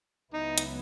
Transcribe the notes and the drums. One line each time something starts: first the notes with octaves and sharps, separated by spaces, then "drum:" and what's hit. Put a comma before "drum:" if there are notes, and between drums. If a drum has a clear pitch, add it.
C#2 C#3 F#3 B3 D#4 E4
drum: hi-hat